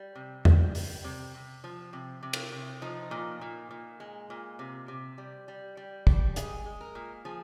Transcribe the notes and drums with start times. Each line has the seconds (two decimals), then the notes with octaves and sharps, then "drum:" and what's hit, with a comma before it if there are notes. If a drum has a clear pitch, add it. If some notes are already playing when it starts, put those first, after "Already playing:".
Already playing: G3
0.15 C3
0.45 G3, drum: tom E2
0.75 G3, drum: open hi-hat
1.04 C3
1.34 C3
1.64 F3
1.93 C3
2.23 C3
2.33 drum: cymbal
2.52 C3
2.82 F3 D#4
3.11 A#2
3.41 A#2
3.71 A#2
4.00 G#3
4.30 A#2
4.59 C3
4.88 C3
5.18 G3
5.48 G3
5.77 G3
6.07 G3, drum: kick
6.36 G#3 G#4, drum: hi-hat
6.66 G#3
6.81 A#4
6.95 A#2
7.25 F3 G#4